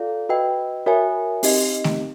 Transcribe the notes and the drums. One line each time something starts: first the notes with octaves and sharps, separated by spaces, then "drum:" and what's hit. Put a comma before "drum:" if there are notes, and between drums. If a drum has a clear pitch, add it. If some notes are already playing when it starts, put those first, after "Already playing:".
Already playing: F4 A4 D5 F5
F#4 B4 D#5 G5
F#4 A#4 C#5 E5 G#5
C4 D#4 G4 A#4 D#5, drum: open hi-hat
drum: snare A3